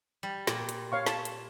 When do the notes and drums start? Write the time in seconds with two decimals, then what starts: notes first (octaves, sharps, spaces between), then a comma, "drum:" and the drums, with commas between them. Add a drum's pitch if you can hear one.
0.23 G3
0.47 A#2, drum: snare
0.69 drum: hi-hat
0.92 C#5 F5 C#6
1.06 A5, drum: snare
1.25 drum: hi-hat